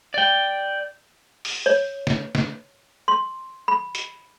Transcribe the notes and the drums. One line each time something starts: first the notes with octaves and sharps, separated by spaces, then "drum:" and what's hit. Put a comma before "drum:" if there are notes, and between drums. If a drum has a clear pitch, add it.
D5 G5
drum: open hi-hat
C#5
drum: snare
drum: snare
C6
B5
drum: hi-hat